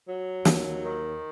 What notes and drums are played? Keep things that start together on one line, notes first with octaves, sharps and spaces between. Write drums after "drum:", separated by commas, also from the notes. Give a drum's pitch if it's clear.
F#3
D#2, drum: snare
D#3